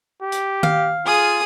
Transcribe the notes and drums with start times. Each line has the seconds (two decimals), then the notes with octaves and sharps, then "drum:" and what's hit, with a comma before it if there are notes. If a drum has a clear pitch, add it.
0.22 G4
0.32 drum: hi-hat
0.63 F5, drum: tom D#3
1.06 F4 G#4 D#6